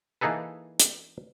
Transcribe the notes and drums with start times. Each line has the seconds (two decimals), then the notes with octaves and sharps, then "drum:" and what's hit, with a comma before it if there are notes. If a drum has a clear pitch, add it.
0.21 E3 A#3 D#4 G#4 A4 B4
0.80 drum: hi-hat